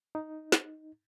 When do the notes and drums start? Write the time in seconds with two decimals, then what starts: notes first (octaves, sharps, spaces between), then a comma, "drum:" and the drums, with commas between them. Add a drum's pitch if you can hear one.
0.15 D#4
0.52 drum: snare